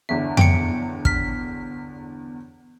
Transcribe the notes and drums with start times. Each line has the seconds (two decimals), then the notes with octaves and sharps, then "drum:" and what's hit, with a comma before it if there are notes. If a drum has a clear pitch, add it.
0.09 G1 E2 D3 E5
0.37 G5 C#7, drum: tom F2
1.05 F6 B6, drum: kick